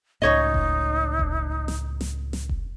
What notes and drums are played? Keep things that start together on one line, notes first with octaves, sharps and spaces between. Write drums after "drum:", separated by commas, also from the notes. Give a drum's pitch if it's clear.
C#2 A2 C#4 D#4 C#5 D#5
drum: kick F1
drum: kick F1
drum: snare
drum: snare
drum: snare
drum: kick F1